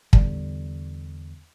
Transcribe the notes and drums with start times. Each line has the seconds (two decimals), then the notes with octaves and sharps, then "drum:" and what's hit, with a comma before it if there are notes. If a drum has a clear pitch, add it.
0.13 E2 D3 G3, drum: kick